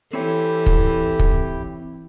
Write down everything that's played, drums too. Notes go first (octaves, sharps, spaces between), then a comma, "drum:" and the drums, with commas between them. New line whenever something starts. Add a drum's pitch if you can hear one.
E3 C4 E4 G4 A4 C#5
drum: kick
drum: kick